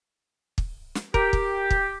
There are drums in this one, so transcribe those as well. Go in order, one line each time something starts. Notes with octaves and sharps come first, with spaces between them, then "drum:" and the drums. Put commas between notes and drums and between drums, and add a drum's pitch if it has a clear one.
drum: kick
drum: snare
G4 A#4, drum: kick
drum: kick
drum: kick